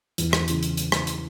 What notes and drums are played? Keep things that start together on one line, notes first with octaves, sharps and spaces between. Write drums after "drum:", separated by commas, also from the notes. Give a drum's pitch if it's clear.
E2, drum: hi-hat
drum: rim click
C#3 E3, drum: hi-hat
drum: hi-hat
drum: hi-hat
drum: rim click
drum: hi-hat